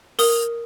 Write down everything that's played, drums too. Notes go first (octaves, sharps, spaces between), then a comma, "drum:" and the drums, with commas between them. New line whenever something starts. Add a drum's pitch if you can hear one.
A#4 D#6, drum: open hi-hat